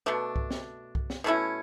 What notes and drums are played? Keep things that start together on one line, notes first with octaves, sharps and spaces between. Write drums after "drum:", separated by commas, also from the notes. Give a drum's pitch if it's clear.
B2 A3 D4
drum: kick C2
drum: snare
drum: kick C2
drum: snare
B2 A3 C#4 E4